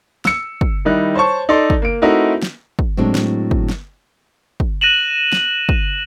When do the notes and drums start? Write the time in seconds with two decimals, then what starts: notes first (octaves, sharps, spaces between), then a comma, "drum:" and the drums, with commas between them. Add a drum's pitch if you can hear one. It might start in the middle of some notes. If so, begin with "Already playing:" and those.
0.25 E6 C#7, drum: snare
0.61 drum: kick
0.85 D#3 G3 D#4 E4 F#6
1.16 C5 C#5 A5 C#6
1.49 D#4 A4 D5 D#5 C6
1.70 drum: kick
1.82 A#3 D7
2.02 A3 C4 D#4 E4 F#4 A#4
2.42 drum: snare
2.79 drum: kick
2.97 A2 F#3 G#3 C4 D4
3.15 drum: snare
3.51 drum: kick
3.69 drum: snare
4.60 drum: kick
4.81 F#6 A#6 D#7 E7 F#7
5.32 drum: snare
5.69 drum: kick